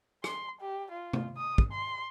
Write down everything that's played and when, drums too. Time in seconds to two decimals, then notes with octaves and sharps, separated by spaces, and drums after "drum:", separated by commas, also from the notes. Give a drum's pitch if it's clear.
0.24 C6, drum: rim click
0.61 G4
0.91 F4
1.13 drum: tom C3
1.37 D#6
1.58 drum: kick
1.72 C6